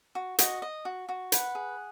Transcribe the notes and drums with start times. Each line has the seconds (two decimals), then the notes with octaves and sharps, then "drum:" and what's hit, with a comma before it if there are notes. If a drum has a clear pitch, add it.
0.15 F#4
0.39 F#4 D#5, drum: hi-hat
0.62 D#5
0.85 F#4
1.09 F#4
1.32 B4 F#5, drum: hi-hat
1.55 G#4